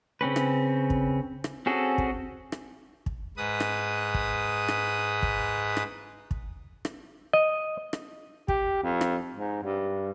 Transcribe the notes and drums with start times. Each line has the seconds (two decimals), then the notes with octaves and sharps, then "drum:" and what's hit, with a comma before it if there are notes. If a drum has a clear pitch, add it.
0.21 C#3 C4 C#4 B4
0.36 drum: rim click
0.90 drum: kick
1.44 drum: rim click
1.66 C4 C#4 F#4 G#4 A4
1.98 drum: kick
2.52 drum: rim click
3.06 drum: kick
3.37 G#2 B4 D#6
3.60 drum: rim click
4.14 drum: kick
4.68 drum: rim click
5.23 drum: kick
5.77 drum: rim click
6.31 drum: kick
6.85 drum: rim click
7.33 D#5
7.93 drum: rim click
8.48 G4, drum: kick
8.83 F2
9.01 drum: rim click
9.34 G#2
9.63 G2